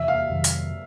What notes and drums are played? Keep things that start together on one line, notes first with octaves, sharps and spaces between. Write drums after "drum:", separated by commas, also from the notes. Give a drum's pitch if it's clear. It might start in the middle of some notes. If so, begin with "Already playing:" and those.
Already playing: E2 C3 E3 E5
F5
F2 C3 D#3 F#3
drum: hi-hat